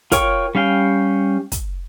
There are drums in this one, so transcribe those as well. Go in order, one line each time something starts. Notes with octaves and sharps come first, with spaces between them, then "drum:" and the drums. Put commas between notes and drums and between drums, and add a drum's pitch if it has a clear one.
F4 A#4 C#5 G5 C#6, drum: kick, hi-hat
G3 C#4 F5 G5
drum: kick, hi-hat